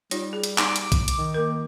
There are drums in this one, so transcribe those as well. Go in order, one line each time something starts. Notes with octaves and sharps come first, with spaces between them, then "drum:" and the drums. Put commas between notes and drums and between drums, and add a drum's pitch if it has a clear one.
G3 D#4 F4 C#5, drum: hi-hat
G#4
drum: hi-hat
D#4 D6, drum: clap
drum: hi-hat
drum: kick B1, hi-hat
drum: hi-hat
D#3
A#3 A#4